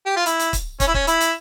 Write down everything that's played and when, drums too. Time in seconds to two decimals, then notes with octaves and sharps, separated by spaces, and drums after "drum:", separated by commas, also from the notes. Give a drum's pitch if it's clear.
0.06 G4
0.16 F4
0.26 E4, drum: hi-hat
0.39 drum: hi-hat
0.53 drum: kick, hi-hat
0.80 C#4, drum: kick, hi-hat
0.87 E4
0.94 C#4, drum: kick
1.07 E4, drum: hi-hat
1.21 drum: hi-hat